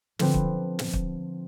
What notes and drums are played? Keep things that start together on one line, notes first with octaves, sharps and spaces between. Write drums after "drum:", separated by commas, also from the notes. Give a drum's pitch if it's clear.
D3 F3 C4 B4, drum: snare
drum: kick
drum: snare
drum: kick